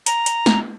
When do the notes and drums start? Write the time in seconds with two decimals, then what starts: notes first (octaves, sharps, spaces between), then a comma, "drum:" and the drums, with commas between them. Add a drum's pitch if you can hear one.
0.06 A#5, drum: hi-hat
0.26 drum: hi-hat
0.46 drum: snare